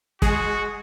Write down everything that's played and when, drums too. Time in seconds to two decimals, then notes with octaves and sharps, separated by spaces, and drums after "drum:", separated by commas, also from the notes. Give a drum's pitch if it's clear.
0.22 G#3 F#4 G#4, drum: kick